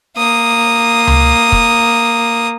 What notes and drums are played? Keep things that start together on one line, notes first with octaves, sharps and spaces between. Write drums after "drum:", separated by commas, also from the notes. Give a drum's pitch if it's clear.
A#3 D#6
drum: tom C#2
drum: kick